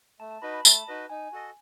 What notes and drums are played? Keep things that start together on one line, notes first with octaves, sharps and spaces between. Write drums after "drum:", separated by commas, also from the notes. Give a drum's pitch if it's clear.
A3 A5
A5
D#4 F#4 B4 D#5 B5
B5
A3 A5, drum: tambourine
D#4 F#4 B4 D#5
D#4 G#5
F#4 A4 D#5